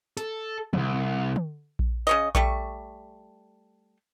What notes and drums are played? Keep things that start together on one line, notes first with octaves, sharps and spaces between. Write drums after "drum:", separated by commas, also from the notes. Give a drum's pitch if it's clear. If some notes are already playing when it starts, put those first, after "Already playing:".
A4, drum: hi-hat
C2 F2, drum: tom
drum: tom
drum: kick A#1
C#3 C#5 D#5
G3 A3 C#6, drum: kick A#1